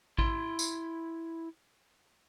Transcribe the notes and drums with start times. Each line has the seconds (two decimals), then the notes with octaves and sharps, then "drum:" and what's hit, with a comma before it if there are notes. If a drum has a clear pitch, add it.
0.18 E4 C6, drum: kick A1
0.59 drum: tambourine